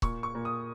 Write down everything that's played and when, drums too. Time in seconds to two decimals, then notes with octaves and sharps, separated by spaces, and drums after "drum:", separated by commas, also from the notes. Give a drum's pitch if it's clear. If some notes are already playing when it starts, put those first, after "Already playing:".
0.02 A#2 C#6, drum: kick C#1
0.23 C#6
0.35 A#2
0.45 D#6